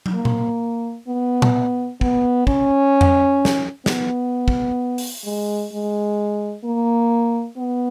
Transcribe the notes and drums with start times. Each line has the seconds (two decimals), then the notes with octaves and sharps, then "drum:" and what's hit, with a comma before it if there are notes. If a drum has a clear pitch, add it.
0.06 drum: tom
0.15 A#3
0.25 drum: tom A#2
1.08 B3
1.42 drum: tom A#2
2.01 B3, drum: kick
2.47 C#4, drum: kick
3.01 drum: tom F2
3.45 drum: snare
3.86 B3, drum: snare
4.48 drum: kick
4.98 drum: open hi-hat
5.25 G#3
5.72 G#3
6.64 A#3
7.57 B3